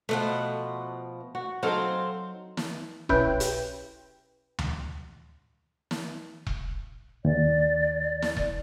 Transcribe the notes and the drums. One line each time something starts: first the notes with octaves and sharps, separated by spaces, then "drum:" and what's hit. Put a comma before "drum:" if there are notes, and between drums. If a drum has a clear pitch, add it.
B2 F3 A3 F#5
F#4
F#3 C4 D#4 A4 C5 F5
drum: snare
B1 C#4 E4 B4 G5, drum: kick E1
drum: hi-hat
drum: tom D2
drum: snare
drum: kick E1
D#2 D5
drum: snare
drum: kick E1